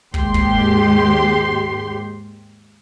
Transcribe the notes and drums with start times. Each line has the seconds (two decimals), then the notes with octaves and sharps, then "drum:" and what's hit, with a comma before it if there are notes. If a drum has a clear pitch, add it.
0.14 D#2 G#2 G#3 G4 C6, drum: kick
0.34 drum: kick